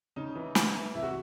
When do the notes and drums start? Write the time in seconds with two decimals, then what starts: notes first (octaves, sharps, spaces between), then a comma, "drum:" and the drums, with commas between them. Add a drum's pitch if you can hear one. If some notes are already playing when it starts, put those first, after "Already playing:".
0.16 C#3 D#4
0.35 E3
0.55 E3, drum: snare
0.75 E3
0.95 C2 E4
1.03 F#4